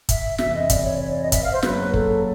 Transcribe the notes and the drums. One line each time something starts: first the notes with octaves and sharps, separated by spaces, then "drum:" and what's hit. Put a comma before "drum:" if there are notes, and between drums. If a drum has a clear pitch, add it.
E5, drum: kick, hi-hat
F2 C3 E3 E5, drum: snare
D#5
D5, drum: kick, hi-hat
C#5
C#5
D5
D#5
E5, drum: kick, hi-hat
F5
C5
F#2 C#3 F#3 A#3 B4, drum: snare
A4, drum: kick